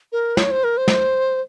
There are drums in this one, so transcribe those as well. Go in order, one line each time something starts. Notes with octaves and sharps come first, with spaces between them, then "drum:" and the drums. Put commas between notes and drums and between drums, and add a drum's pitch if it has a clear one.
A#4
C#5, drum: snare
C5
A#4
C5
drum: snare